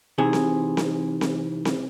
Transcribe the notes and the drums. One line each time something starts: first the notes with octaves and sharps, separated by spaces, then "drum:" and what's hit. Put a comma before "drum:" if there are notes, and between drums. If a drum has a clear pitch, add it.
C3 E3 D#4 G#4
drum: snare C4
drum: snare C4
drum: snare C4
drum: snare C4